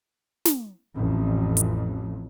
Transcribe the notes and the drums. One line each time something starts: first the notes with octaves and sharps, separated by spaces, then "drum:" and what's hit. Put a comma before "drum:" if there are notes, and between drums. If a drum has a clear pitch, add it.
drum: snare
A1 F2
drum: hi-hat